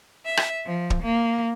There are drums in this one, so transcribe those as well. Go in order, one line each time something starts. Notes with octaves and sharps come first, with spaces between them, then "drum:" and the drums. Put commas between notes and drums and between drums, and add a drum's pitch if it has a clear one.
E5
drum: rim click
F3
drum: kick
A#3